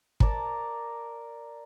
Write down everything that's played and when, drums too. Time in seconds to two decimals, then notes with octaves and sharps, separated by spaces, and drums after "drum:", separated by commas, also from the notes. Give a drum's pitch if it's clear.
0.20 A#4 D5 A5 A#5, drum: kick